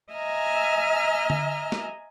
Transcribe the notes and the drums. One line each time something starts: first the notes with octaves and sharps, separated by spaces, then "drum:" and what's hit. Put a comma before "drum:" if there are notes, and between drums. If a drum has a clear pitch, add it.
D#5 E5 G#5 A#5 F6
drum: tom D3
drum: snare